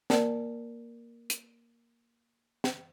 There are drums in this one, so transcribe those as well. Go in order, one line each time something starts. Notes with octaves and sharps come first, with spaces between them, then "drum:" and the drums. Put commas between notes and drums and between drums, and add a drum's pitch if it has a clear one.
A#3 A#4 D5 A5, drum: snare
drum: hi-hat
drum: snare